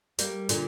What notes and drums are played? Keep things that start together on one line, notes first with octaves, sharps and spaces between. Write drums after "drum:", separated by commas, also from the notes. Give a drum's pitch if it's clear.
G3 A#3, drum: hi-hat
A#2 D3, drum: hi-hat